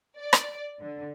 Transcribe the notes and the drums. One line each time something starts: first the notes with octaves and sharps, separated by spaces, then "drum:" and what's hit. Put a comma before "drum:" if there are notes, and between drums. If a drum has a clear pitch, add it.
D5
drum: rim click
D3